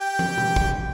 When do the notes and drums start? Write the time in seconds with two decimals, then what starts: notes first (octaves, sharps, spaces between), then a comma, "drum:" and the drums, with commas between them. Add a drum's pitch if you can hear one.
0.01 G4 G5
0.19 drum: tom
0.38 drum: tom B2
0.56 drum: kick